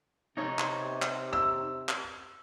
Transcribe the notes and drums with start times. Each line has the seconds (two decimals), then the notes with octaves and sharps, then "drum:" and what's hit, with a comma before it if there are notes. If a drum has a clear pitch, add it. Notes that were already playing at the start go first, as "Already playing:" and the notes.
0.37 C3 D#4 C#5
0.59 drum: clap
1.02 drum: clap
1.33 E6
1.89 drum: clap